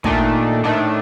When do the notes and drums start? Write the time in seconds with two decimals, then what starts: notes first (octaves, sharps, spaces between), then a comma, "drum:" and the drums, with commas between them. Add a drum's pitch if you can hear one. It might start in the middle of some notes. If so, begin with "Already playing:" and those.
0.04 A#2 D#3 A3 D4, drum: kick
0.64 A2 D#3 A3 D4